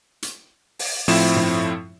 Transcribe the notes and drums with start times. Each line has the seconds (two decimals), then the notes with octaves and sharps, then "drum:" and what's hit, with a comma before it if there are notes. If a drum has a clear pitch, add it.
0.22 drum: hi-hat
0.79 drum: open hi-hat
1.08 A2 F3 C4 E4 E7, drum: open hi-hat
1.36 drum: tom G2